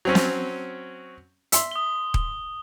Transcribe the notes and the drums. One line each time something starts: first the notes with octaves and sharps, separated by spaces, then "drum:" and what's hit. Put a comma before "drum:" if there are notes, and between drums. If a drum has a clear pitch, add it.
F#3 C4 C#4
drum: snare
E5 C6, drum: hi-hat
D#6 G7
drum: kick D#1